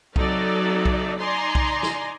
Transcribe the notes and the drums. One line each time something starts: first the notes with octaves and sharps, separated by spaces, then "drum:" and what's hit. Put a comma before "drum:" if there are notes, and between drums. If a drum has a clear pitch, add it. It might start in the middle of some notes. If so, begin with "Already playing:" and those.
F#3 C4 D#4 A4 D5 E5, drum: kick B1
drum: kick B1
D#4 D5 G#5 A#5 C6
drum: kick B1
drum: snare